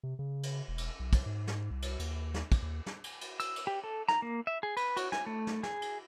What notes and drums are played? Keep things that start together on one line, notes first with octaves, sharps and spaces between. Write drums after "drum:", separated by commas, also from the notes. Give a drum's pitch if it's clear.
C3
C#3
drum: cymbal
E1
drum: cymbal
B1
drum: kick, cymbal
G#2
drum: snare
C2
drum: cymbal
D#2, drum: cymbal
drum: snare
drum: kick, cymbal
D#2
drum: snare
drum: cymbal
drum: cymbal
E6, drum: cymbal
drum: cymbal
G4
A4
A#5, drum: snare
A#3
E5
G#4
B4, drum: cymbal
F#4, drum: cymbal
G#5, drum: snare
A3
drum: snare
G#4, drum: snare
drum: cymbal